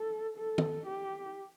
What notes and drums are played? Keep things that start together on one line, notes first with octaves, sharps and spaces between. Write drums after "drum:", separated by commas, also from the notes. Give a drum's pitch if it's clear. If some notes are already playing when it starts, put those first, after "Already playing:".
Already playing: A4
A4
drum: tom
G4